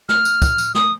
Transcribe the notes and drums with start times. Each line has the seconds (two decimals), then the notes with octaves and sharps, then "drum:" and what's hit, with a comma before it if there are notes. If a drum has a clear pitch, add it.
0.09 F6, drum: snare
0.25 drum: tambourine
0.42 drum: kick, tambourine
0.58 drum: tambourine
0.75 D#6, drum: snare